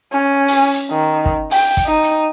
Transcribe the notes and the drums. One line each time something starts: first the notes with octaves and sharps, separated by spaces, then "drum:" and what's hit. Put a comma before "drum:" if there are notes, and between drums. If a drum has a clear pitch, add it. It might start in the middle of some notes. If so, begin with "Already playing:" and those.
C#4
drum: open hi-hat
drum: hi-hat
D#3
drum: kick
G5, drum: open hi-hat
drum: kick, hi-hat
D#4
drum: hi-hat